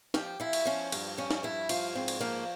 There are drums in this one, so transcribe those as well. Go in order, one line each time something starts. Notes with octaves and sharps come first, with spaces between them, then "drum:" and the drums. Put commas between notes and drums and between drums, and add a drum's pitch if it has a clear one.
F3 G4, drum: snare
F3 E4
drum: cymbal
F3 C#4
G2, drum: cymbal
F3 C#4
drum: snare
G2 E4
F3 F4, drum: cymbal
G#2 C4
drum: cymbal
F3 A#3